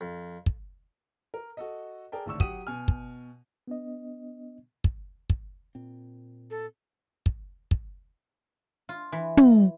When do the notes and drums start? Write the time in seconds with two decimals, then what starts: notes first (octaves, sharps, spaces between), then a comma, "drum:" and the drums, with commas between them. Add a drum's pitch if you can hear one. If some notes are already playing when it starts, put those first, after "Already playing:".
0.01 F2
0.46 drum: kick
1.34 A#4
1.57 F#4 A4 D#5
2.12 G#4 A#4 D5 G5 A5
2.26 G#1 A2 D3 D4 C#6 E6
2.40 F#3 G4 F#5 D#6 D#7, drum: kick
2.67 B2 G#5 F6
2.88 drum: kick
3.67 B3 D4 D#5
4.84 drum: kick
5.30 drum: kick
5.75 A#2 C4
6.50 A4
7.26 drum: kick
7.71 drum: kick
8.89 F4
9.12 E3
9.37 drum: tom